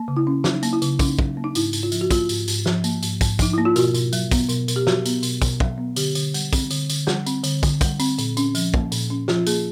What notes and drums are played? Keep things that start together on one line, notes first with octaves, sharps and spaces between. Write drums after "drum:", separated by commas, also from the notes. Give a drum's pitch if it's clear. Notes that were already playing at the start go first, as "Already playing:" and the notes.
Already playing: A#3
C#3
E4
C#4
F#3 D#4, drum: snare
A#3, drum: tambourine
E4
C#3, drum: tambourine
C#4 D#4, drum: kick, tambourine
F#3, drum: kick
A#3
D#4
G#2 E4, drum: tambourine
G#2, drum: tambourine
F4
F3, drum: tambourine
F#4
A#3 F4, drum: kick, tambourine
G#2, drum: tambourine
G#2, drum: tambourine
F3, drum: snare
A#3, drum: tambourine
G#2, drum: tambourine
G#2, drum: kick, tambourine
F3 D#4, drum: kick, tambourine
A#3 E4
F4
B2 F#4, drum: tambourine
B2, drum: tambourine
F#3, drum: tambourine
B3, drum: kick, tambourine
B2, drum: tambourine
B2, drum: tambourine
G4
F#3 F#4, drum: snare
B3, drum: tambourine
B2, drum: tambourine
B2, drum: kick, tambourine
F#3, drum: kick
B3
D3 G4, drum: tambourine
D3, drum: tambourine
G3, drum: tambourine
C4, drum: kick, tambourine
D3, drum: tambourine
D3, drum: tambourine
G3, drum: snare
C4, drum: tambourine
D3, drum: tambourine
D3, drum: kick, tambourine
G3, drum: kick, tambourine
C4, drum: tambourine
A#2, drum: tambourine
C#4, drum: tambourine
F3, drum: tambourine
A#3, drum: kick
A#2, drum: tambourine
C#4
F3 F4, drum: snare
A#3 G#4, drum: tambourine